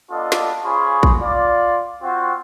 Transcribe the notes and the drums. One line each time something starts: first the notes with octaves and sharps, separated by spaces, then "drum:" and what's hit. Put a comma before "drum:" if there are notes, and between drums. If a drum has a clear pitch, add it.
B3 D4 F4 A4 D5 D#5
drum: snare
C#4 F4 G#4 C5 B5 C#6
drum: kick A#1
F4 D5
C4 F4 F#4